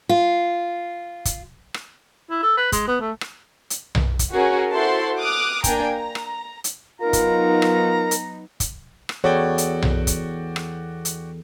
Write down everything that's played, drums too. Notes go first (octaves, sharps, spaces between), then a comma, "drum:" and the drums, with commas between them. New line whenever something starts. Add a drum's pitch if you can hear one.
F4
drum: kick, hi-hat
drum: rim click
E4
A4
B4
G#3, drum: kick, hi-hat
B3
A3
drum: rim click
drum: hi-hat
drum: tom B1
drum: kick, hi-hat
C#4 F#4 G#4 A#4
E4 F#4 A4 C5 A5 C6
D6 D#6 F6 F#6
A#3 D4 G5 G#5 A#5 D7, drum: kick, hi-hat
A#5
drum: rim click
drum: hi-hat
F#3 B3 D#4 F4 A#4 A#5
drum: kick, hi-hat
drum: rim click
drum: hi-hat
drum: kick, hi-hat
drum: rim click
E2 F#4 G#4 A4 C#5 D5 G5
drum: hi-hat
drum: tom B1
drum: kick, hi-hat
drum: rim click
drum: hi-hat